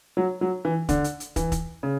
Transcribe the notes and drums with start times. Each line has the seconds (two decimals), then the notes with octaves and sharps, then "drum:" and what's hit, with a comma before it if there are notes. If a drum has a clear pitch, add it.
0.17 F#3
0.41 F#3
0.65 E3
0.89 D3, drum: kick, hi-hat
1.04 drum: hi-hat
1.20 drum: hi-hat
1.36 E3, drum: kick, hi-hat
1.52 drum: kick, hi-hat
1.83 C#3